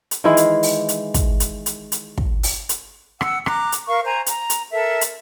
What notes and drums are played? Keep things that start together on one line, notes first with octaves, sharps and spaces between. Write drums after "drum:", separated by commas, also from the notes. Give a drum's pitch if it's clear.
drum: hi-hat
D#3 E3 G#3 E4
drum: hi-hat
drum: open hi-hat
drum: hi-hat
drum: kick, hi-hat
drum: hi-hat
drum: hi-hat
drum: hi-hat
drum: kick
drum: open hi-hat
drum: hi-hat
F#5 E6, drum: rim click
A#5 D6 F#6, drum: rim click
drum: hi-hat
A#4 F5 C#6
C5 G#5 A#5
A#5, drum: hi-hat
drum: hi-hat
A4 A#4 E5
drum: hi-hat